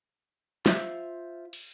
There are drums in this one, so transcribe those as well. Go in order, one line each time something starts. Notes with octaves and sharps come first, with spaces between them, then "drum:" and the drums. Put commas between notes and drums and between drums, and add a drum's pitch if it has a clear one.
F4 C5 E5, drum: snare
drum: cymbal